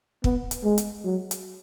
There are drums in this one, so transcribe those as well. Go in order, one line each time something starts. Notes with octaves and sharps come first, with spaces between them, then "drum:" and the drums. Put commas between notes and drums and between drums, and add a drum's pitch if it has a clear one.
B3, drum: kick
drum: hi-hat
G#3
drum: hi-hat
F#3
drum: hi-hat